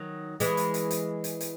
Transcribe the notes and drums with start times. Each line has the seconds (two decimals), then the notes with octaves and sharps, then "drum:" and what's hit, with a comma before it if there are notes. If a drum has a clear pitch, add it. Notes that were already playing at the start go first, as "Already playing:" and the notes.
Already playing: D#3 F#3
0.40 E3 G#3, drum: hi-hat
0.57 drum: hi-hat
0.74 drum: hi-hat
0.91 drum: hi-hat
1.24 drum: hi-hat
1.41 drum: hi-hat